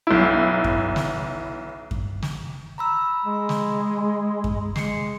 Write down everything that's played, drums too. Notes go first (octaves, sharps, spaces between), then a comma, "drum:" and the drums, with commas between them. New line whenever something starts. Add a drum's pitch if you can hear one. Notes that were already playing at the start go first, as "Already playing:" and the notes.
B1 E4
drum: kick F#2
drum: snare
drum: kick F#2
drum: snare
A#5 B5 E6
G#3
drum: snare
drum: kick F#2
G#3 C7 C#7, drum: snare